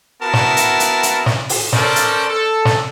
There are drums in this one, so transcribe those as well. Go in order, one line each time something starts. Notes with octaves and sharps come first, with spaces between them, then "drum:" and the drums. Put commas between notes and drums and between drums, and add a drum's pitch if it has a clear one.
B3 E4 F#4 A#4 A5
drum: snare
drum: hi-hat
drum: hi-hat
drum: hi-hat
drum: snare
drum: open hi-hat
C#4 A4 A#4 C5 D5, drum: snare
drum: hi-hat
A4
drum: snare